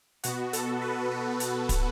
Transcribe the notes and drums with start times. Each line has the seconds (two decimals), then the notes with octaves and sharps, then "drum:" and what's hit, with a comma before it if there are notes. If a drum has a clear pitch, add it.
0.24 B2 B3 F#4, drum: hi-hat
0.53 A4, drum: hi-hat
0.82 B4
1.11 B4
1.40 drum: hi-hat
1.69 drum: kick, hi-hat